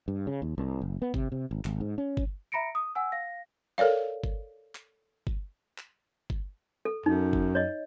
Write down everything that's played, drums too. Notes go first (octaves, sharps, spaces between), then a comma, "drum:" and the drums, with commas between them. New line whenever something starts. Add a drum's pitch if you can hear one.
G2
C#3
D#2
C2
F#1
B3
C3, drum: kick G1
C3
G#1
G#1, drum: clap
G#2
C#4
drum: kick G1
E5 A#5 B5 A#6 C#7 D7
D#6
F#5 G#5 E6
F5 A#6
A4 A#4 C#5 D5 F5
drum: kick G1
drum: clap
drum: kick G1
drum: clap
drum: kick G1
A4
F#2 D#4
drum: kick G1
C#5 D#5